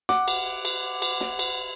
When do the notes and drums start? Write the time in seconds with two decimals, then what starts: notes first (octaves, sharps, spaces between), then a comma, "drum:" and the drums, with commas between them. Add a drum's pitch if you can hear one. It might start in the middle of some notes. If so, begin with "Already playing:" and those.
0.09 F#5 D6, drum: snare
0.28 drum: cymbal
0.65 drum: cymbal
1.02 drum: cymbal
1.21 drum: snare
1.39 drum: cymbal